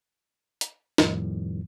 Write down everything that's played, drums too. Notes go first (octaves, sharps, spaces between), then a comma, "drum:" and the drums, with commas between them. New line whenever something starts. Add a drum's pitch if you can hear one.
drum: hi-hat
F2 A2 D#3 F3 G3, drum: snare